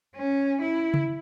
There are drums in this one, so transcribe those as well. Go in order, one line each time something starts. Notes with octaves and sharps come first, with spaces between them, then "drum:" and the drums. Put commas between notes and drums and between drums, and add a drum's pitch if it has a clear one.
C#4
E4
drum: tom C#3